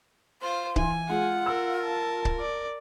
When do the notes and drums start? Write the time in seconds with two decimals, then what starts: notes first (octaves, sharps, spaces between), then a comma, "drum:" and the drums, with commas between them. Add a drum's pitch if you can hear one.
0.42 F4 C5 C6
0.76 E3 G#5, drum: kick C#1
1.09 G#3 F4 F#5
1.46 A#4 E6
1.85 A5
2.25 drum: kick C#1
2.40 D5